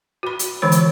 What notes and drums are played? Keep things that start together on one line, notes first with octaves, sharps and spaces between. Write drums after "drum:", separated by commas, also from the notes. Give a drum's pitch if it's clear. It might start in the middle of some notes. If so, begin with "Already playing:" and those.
F#4 B5
drum: hi-hat
D3 E3 G#3 C#5
drum: hi-hat